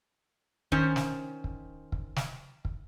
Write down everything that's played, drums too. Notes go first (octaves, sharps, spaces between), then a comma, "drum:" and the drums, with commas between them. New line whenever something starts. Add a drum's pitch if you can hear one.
D#3 C#4 C5, drum: kick
drum: snare
drum: kick
drum: kick
drum: snare
drum: kick